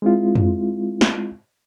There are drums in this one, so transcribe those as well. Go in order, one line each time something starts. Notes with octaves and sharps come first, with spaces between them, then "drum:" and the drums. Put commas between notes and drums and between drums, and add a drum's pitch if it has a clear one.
G#3 C4 E4 F4
drum: tom
drum: snare